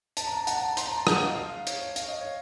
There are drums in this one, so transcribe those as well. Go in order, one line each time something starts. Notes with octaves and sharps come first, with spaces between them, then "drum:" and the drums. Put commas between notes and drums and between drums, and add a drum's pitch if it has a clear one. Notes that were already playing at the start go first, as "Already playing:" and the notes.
A5, drum: hi-hat
A#5
A5
F#5, drum: hi-hat
A5
A#5
C6, drum: hi-hat
A#5
A5
F#5, drum: rim click
F5
D#5
F5
C#5, drum: hi-hat
C#5
F5, drum: hi-hat
D#5
C#5